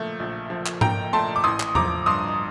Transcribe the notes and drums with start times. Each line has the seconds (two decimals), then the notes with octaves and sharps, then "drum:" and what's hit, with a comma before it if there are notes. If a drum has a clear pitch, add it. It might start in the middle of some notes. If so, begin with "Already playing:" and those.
Already playing: A#2 F3 A3
0.20 A#1
0.50 F3
0.66 drum: clap
0.81 A#2 G5 A#5, drum: tom G#2
1.13 A3 A5 C6
1.36 D6
1.44 A1 C6 D#6
1.60 drum: clap
1.75 F3 A#5 D6, drum: tom E2
2.06 G2 C6 D#6